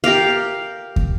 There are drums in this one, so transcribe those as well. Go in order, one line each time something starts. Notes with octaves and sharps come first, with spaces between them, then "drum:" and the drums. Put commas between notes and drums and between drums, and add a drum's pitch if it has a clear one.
G4 A#4 D5 F5
drum: kick